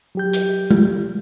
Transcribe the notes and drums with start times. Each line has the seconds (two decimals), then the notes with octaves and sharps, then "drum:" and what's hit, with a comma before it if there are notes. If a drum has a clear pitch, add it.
0.15 F#3 G4 G6
0.33 drum: hi-hat
0.71 drum: tom